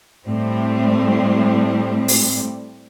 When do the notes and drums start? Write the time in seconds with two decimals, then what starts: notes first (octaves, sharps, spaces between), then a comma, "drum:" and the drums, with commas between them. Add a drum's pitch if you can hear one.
0.25 A2 G3 A3 C4
2.08 drum: open hi-hat